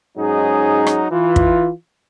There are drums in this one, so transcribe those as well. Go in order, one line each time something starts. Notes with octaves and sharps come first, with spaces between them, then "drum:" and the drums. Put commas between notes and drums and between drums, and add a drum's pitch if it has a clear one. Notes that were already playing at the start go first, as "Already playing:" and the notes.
G#2 F#3 C#4 D#4 G#4
drum: rim click
E3 F4
drum: kick